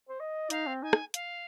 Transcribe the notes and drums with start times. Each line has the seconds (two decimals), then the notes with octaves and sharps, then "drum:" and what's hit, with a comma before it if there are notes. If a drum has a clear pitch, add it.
0.09 C5
0.20 D#5
0.50 D#4 F5, drum: hi-hat
0.67 C4
0.82 D#4 G#5
0.93 drum: rim click
1.14 F5, drum: hi-hat